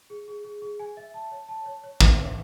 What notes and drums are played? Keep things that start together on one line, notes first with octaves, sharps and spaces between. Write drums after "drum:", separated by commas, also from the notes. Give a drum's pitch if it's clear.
G#4
G#4
G#4
G#4
G#5
E5
A5
C#5
A5
C#5
C#5
E5, drum: kick
C#5